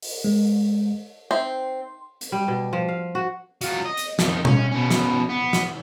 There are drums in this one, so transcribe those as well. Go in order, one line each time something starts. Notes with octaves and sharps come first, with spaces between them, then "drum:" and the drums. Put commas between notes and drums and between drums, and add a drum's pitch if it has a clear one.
drum: open hi-hat
G#3
C4 D#4 C5 E5 C6
drum: hi-hat
G3
B2
F3
F5
F#4
F#3 F4, drum: hi-hat
D#5
drum: hi-hat
F2 D#3, drum: snare
C#4, drum: tom B2
B2 C#4
drum: snare
B3
drum: snare